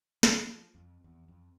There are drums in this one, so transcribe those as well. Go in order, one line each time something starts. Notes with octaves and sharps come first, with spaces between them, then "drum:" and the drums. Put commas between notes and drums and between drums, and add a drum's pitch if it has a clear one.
F3, drum: snare
F2
E2
F2